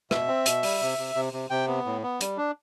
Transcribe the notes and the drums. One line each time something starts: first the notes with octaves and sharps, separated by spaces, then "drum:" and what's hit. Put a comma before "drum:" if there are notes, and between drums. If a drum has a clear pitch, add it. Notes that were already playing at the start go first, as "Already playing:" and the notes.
B2 E5, drum: rim click
C4
B2, drum: hi-hat
G3, drum: open hi-hat
C3
C3
C3
C3
C3 G5
B3
A2
B3
G3, drum: hi-hat
D4